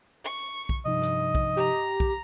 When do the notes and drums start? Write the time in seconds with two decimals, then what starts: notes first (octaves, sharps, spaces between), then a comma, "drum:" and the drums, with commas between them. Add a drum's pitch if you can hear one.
0.24 C#6
0.69 drum: kick B1
0.86 G2 C3 F3 D#4 D#5
1.02 drum: rim click
1.35 drum: kick B1
1.56 G4 A#5
2.00 drum: kick B1